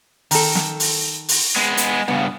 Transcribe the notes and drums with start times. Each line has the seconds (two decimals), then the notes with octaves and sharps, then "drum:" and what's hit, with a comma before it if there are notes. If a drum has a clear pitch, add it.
0.31 D#3 A4, drum: open hi-hat
0.55 drum: snare
0.80 drum: open hi-hat
1.29 drum: open hi-hat
1.56 G#3 B3
1.77 drum: hi-hat
2.08 G2 C#3 B3